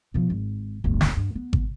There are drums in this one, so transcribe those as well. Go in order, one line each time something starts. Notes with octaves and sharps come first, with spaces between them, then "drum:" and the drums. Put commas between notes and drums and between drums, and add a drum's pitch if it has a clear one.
B2 F3
G#1
D1 G1
drum: snare
G2
B3
drum: kick G#1